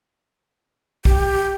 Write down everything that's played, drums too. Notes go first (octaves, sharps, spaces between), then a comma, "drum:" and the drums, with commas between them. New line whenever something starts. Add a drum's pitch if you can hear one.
G4, drum: kick